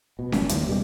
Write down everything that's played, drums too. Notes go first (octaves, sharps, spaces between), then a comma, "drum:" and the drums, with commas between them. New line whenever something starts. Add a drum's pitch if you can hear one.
B2
F#1, drum: snare C#4
D#2, drum: hi-hat
B2 G3 G#3